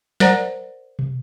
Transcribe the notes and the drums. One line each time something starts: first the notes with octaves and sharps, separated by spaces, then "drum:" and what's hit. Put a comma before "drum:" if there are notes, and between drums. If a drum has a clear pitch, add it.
A#4 C5 D5 F#5 A#5, drum: snare
drum: tom B2